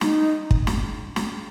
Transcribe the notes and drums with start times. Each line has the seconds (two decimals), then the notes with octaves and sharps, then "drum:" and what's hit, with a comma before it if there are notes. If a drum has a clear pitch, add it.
0.01 D#4, drum: snare
0.51 drum: kick
0.67 drum: snare
1.16 drum: snare